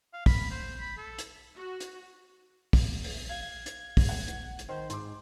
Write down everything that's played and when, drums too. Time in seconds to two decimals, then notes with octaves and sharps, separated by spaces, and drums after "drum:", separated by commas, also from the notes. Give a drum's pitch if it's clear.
0.14 F5
0.26 B5, drum: kick, open hi-hat
0.51 C5
0.81 B5
0.97 A4
1.19 drum: hi-hat
1.56 F#4
1.80 drum: hi-hat
2.73 drum: kick, open hi-hat
3.04 drum: open hi-hat
3.29 F5 G#6
3.66 drum: hi-hat
3.97 drum: kick, open hi-hat
4.09 F#5
4.28 drum: hi-hat
4.59 drum: hi-hat
4.69 D#3 C5
4.90 G#2 C6 D6, drum: hi-hat